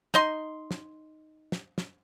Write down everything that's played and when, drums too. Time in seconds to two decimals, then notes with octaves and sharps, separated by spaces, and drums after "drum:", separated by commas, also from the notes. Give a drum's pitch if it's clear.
0.14 D#4 D#5 C6, drum: snare
0.71 drum: snare
1.52 drum: snare
1.78 drum: snare